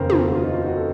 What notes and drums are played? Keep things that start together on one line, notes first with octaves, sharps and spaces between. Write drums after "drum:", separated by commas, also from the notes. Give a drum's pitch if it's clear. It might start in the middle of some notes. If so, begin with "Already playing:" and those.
Already playing: F1 D#2 C#3 A#4 C5
F4, drum: tom
A4
F#4
F4
D#4
F4
F#4
A4